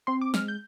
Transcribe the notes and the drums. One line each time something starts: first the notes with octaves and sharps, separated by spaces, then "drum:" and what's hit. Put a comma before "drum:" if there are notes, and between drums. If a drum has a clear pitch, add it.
C4 C6
D6
G#3 F6, drum: snare
G6